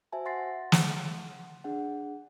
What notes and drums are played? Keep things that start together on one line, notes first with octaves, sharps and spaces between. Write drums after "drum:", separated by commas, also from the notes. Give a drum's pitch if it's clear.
F#4 C5 E5 G#5 A5
F#5 C6 A6 A#6 C7
drum: snare
D4 G#4 F#5